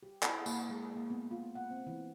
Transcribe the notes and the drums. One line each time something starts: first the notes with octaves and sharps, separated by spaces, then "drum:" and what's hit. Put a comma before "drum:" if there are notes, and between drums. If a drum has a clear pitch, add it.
G4
E4, drum: clap
A#3, drum: tambourine
G#3
A#3
B3
F4
F#5
C4
E3